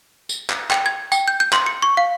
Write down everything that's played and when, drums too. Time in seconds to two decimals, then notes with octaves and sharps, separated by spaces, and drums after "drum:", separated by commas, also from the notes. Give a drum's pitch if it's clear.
0.29 drum: tambourine
0.50 drum: clap
0.71 G5, drum: clap
0.86 G#6
1.12 G5, drum: tambourine
1.28 G6
1.40 G6
1.53 C6, drum: clap
1.66 C#7
1.82 C#6
1.97 F5